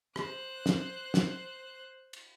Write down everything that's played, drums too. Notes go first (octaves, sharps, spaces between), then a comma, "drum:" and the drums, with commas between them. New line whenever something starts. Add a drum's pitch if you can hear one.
C5 F#6, drum: rim click
drum: snare
drum: snare
drum: cymbal